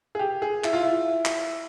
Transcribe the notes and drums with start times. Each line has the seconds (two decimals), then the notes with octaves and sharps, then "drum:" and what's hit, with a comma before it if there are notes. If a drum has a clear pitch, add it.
0.15 G#4
0.19 G4
0.42 G#4
0.64 E4, drum: clap
0.73 F4
0.82 E4
1.26 drum: clap